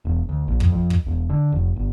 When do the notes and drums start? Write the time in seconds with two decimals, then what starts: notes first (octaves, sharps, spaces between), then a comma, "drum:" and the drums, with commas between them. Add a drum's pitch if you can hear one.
0.05 E1
0.29 D2
0.48 A#1
0.60 F2, drum: kick
0.72 F2
0.90 drum: kick
1.07 E1
1.30 D3
1.52 F1
1.76 G1